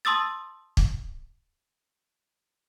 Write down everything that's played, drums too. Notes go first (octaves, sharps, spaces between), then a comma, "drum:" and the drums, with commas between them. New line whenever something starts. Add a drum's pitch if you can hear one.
A5 C6 D#6 E6 A6
drum: kick